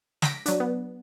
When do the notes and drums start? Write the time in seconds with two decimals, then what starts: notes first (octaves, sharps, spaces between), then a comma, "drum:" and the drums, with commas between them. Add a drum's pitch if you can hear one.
0.22 A#6 B6 D7, drum: snare
0.46 F#3 D4, drum: hi-hat
0.60 B3